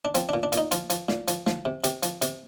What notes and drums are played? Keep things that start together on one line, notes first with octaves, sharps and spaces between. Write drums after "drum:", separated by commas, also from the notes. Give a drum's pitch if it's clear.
D4
F3 C4, drum: hi-hat
A#2 D4
D4
A#2, drum: hi-hat
D#4
F3 F4, drum: hi-hat
F3, drum: hi-hat
A#2, drum: snare
F3, drum: hi-hat
F3, drum: snare
C3
C3 G4, drum: hi-hat
F3, drum: hi-hat
C3, drum: hi-hat